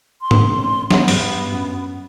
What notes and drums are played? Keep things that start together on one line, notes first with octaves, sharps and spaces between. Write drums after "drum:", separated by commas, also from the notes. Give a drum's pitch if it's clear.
C6
drum: tom
A1
E2 C#3 B3 F#5, drum: snare F#3
G2, drum: open hi-hat
F#2